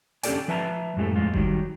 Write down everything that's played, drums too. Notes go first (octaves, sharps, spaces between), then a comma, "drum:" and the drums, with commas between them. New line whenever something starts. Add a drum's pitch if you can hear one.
C#4 D4 G4 A4 D5 G#5, drum: hi-hat
F3 B4 E5 A5 A#5
F#2 A2 G#3 G4 A4
F2 A2 G#3 F4
D#3 F#3 G3, drum: kick F#1